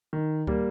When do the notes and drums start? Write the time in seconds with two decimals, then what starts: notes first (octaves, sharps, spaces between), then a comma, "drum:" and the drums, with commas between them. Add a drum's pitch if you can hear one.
0.13 D#3
0.47 G3 A#3, drum: kick C#2